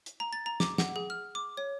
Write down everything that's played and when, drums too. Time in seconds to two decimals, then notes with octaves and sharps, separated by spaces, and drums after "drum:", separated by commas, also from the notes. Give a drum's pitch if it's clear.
0.06 drum: hi-hat
0.20 A#5
0.33 A6
0.46 A#5
0.60 D6, drum: snare
0.78 F#5, drum: snare
0.96 G#4
1.10 F6
1.35 D6
1.57 C#5